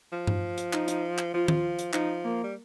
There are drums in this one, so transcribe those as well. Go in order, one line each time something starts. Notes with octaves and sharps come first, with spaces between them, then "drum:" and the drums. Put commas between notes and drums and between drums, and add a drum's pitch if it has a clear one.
F3
drum: tom G2
drum: hi-hat
D#4, drum: clap
drum: hi-hat
drum: clap
F3 F4
drum: tom D#3
drum: hi-hat
F3 D#4, drum: clap
A#3
G3